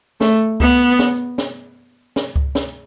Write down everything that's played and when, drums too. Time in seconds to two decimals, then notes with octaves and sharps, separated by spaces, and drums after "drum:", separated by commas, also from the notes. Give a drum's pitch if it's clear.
0.21 A3, drum: snare
0.60 B3, drum: kick C#2
0.99 drum: snare
1.38 drum: snare
2.16 drum: snare
2.36 drum: kick C#2
2.55 drum: snare